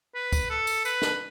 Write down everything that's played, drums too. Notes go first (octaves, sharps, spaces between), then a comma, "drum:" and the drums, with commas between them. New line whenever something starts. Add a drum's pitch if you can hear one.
B4
drum: kick, tambourine
A4
drum: tambourine
B4, drum: tambourine
drum: snare